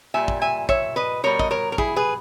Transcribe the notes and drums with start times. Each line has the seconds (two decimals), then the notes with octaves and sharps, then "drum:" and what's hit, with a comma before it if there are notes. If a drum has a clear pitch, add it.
0.14 A#2 G3 E5 G#5
0.28 drum: kick
0.42 E5 G#5
0.69 C#5 E5, drum: kick
0.96 B4 D#5
1.23 B2 G3 A#4 C#5
1.39 D#5, drum: kick
1.51 A#4 C#5
1.72 A#4
1.78 E4 G#4, drum: kick
1.96 G#4 B4